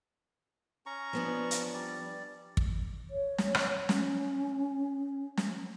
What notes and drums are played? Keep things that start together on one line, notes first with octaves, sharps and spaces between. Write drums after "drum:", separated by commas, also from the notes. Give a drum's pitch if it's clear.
C#4 A#5 C#6
F3 B3 D4
drum: hi-hat
G3 D5
drum: kick
C#5
drum: snare
drum: rim click
C#4, drum: snare
drum: snare